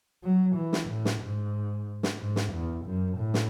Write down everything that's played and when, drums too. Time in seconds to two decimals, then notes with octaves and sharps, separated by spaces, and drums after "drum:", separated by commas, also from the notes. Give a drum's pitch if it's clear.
0.23 F#3
0.56 E3
0.73 drum: snare
0.89 A2
1.05 drum: snare
1.21 G#2
2.03 drum: snare
2.20 G#2
2.36 drum: snare
2.52 E2
2.85 F#2
3.17 A2
3.34 drum: snare